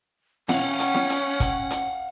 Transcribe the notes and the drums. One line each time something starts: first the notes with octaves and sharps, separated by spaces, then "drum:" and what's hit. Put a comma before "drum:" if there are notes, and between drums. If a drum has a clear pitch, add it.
C#4 F5 F#5, drum: snare
drum: hi-hat
drum: snare
drum: hi-hat
drum: kick, hi-hat
drum: hi-hat